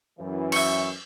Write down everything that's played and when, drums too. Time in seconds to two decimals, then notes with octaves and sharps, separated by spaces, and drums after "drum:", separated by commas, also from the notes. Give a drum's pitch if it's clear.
0.20 F#2 E3
0.52 E5 C#6, drum: cymbal